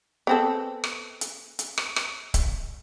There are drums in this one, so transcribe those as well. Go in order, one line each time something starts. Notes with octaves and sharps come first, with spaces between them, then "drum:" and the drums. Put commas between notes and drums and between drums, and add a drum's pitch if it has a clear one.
B3 C4 A4
drum: rim click
drum: hi-hat
drum: hi-hat
drum: rim click
drum: rim click
drum: kick C#1, hi-hat